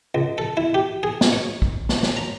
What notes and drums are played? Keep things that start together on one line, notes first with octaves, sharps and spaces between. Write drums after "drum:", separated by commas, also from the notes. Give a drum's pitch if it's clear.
C#2
A4
E4
G4
G#4
drum: snare
C#5
drum: kick
drum: snare
drum: snare
A#5